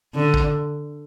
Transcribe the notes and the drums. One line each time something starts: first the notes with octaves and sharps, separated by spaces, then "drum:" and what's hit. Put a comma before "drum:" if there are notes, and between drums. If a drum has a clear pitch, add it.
D3
drum: kick